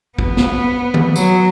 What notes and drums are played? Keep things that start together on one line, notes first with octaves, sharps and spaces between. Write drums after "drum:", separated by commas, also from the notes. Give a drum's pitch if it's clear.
B3, drum: kick
drum: snare
drum: tom
F#3, drum: tambourine